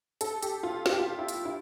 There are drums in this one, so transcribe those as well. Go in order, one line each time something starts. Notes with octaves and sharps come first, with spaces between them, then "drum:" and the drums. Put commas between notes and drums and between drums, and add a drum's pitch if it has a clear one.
A4, drum: hi-hat
G4, drum: hi-hat
F4
F4, drum: snare
G4
F4
E4
drum: hi-hat
E4